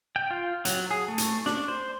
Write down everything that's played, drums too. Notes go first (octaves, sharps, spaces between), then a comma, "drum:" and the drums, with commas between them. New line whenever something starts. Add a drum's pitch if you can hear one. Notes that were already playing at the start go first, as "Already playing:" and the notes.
G5
F4
F#3, drum: hi-hat
G#4
A3
drum: hi-hat
D4, drum: snare
C5